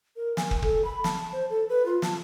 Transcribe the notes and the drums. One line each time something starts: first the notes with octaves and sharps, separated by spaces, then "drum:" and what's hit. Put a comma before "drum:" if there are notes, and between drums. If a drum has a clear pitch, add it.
A#4
G#5, drum: snare
drum: kick
A4, drum: kick
B5
A5, drum: snare
C5
A4
B4
F4
A5, drum: snare